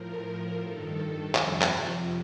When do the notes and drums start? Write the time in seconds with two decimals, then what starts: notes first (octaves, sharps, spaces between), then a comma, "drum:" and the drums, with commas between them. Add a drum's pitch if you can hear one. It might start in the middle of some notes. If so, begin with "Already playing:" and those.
Already playing: A2 F3 A#4
0.19 A#4
0.57 G2 D#3 A4
1.35 F2 C3 F3, drum: clap
1.61 drum: clap